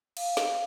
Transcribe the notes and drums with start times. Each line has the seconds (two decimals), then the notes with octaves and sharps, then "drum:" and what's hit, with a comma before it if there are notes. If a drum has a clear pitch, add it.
0.17 F5, drum: cymbal
0.37 drum: snare